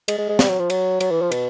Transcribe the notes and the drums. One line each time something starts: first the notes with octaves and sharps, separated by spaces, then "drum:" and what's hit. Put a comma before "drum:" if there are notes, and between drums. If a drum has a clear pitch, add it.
G#3, drum: cymbal
G#3
G#3
G3, drum: snare
F#3
F3
F#3, drum: cymbal
F#3, drum: cymbal
E3
F3
B2, drum: cymbal